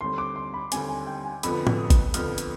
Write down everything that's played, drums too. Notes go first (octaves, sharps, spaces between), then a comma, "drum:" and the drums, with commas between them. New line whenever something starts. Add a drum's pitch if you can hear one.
D#2 D3 G3 C4 C6
D6
C6
B5
D#2 D3 G3 C4 G#5, drum: hi-hat
G#5
G5
G#5
F2 D3 F3 B3 B5, drum: hi-hat
drum: tom
D#6
drum: kick G#1, hi-hat
F2 D3 F3 B3 F6, drum: hi-hat
drum: hi-hat